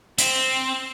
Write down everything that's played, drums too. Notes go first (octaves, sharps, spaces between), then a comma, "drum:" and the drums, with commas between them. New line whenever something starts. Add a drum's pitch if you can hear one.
C4, drum: hi-hat